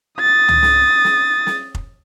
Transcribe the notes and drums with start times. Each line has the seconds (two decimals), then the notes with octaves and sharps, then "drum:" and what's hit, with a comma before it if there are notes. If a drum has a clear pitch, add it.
0.20 D#6 A6
0.48 drum: tom C#2
0.62 drum: snare
1.05 drum: snare
1.47 drum: snare
1.75 drum: kick F1